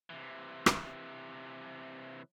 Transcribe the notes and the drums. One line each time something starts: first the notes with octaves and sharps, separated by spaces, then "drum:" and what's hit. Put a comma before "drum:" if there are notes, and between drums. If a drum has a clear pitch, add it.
C3 E3
drum: rim click